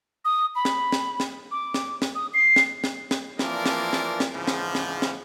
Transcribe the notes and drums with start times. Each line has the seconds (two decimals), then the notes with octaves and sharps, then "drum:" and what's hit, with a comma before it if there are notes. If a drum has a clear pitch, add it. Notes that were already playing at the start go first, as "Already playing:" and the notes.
0.25 D#6
0.55 B5
0.65 drum: snare
0.92 drum: snare
1.20 drum: snare
1.51 D6
1.74 drum: snare
2.02 drum: snare
2.15 D#6
2.34 C7
2.56 drum: snare
2.84 drum: snare
3.11 drum: snare
3.39 E3 F3 A#3 D4 A#4 D5, drum: snare
3.66 drum: snare
3.93 drum: snare
4.20 drum: snare
4.34 G#2 C#3 E3 F3
4.48 drum: snare
4.75 drum: snare
5.02 drum: snare